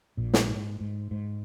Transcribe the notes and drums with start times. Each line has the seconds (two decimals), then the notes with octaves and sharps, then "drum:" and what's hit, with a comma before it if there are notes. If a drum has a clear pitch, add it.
0.17 A#1 A#2
0.34 drum: snare
0.49 G#2
0.81 G#2
1.11 G#2